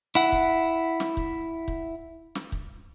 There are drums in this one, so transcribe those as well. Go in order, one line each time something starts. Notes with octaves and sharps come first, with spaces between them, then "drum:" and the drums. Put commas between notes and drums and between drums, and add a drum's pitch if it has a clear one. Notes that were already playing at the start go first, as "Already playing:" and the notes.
E4 F#5
drum: kick
drum: snare
drum: kick
drum: kick
drum: snare
drum: kick